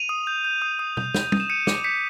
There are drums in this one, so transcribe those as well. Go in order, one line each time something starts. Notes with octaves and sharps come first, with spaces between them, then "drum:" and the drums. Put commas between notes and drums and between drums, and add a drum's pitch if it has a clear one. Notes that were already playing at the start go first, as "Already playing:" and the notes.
Already playing: D#7 F7
D#6
G6
G6
D#6
D#6
G6, drum: tom
G6, drum: snare
D#6, drum: tom
E7
G6 C#7 D#7
D6, drum: snare
G6 B6 C#7